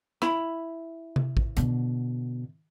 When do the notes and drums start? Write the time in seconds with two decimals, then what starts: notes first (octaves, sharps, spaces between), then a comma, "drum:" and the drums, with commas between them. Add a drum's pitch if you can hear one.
0.22 E4 B5, drum: rim click
1.16 drum: tom C3
1.37 drum: kick
1.57 B2 D3, drum: hi-hat